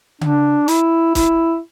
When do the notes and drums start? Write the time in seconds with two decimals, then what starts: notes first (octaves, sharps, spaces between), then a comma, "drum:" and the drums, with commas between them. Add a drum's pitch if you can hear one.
0.21 D4, drum: tom C#3
0.68 E4, drum: hi-hat
1.15 E4, drum: kick, hi-hat